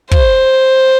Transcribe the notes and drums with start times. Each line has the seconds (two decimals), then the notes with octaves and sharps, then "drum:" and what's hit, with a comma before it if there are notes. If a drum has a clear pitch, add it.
0.11 C5, drum: kick